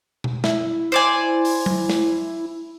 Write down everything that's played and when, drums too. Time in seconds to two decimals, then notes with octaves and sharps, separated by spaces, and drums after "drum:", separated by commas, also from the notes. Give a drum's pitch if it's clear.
0.24 drum: tom B2
0.44 E4, drum: snare
0.92 C5 D5 G#5
1.45 drum: open hi-hat
1.66 drum: tom F#3
1.89 drum: snare